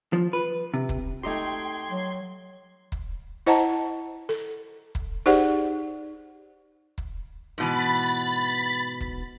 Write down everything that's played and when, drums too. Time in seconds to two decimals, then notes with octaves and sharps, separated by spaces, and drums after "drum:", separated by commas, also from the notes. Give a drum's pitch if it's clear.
0.13 F3
0.33 B4
0.74 C3
0.89 drum: kick
1.23 A3 D#4 G4 G5 C6 G#6
1.91 F#3
2.92 drum: kick
3.46 E4 C5 D#5 F#5 A5 A#5
4.29 A4
4.95 drum: kick
5.26 D#4 G4 G#4 C5 D5 F#5
6.98 drum: kick
7.58 G#2 B2 E3 B5 A6 B6
9.01 drum: kick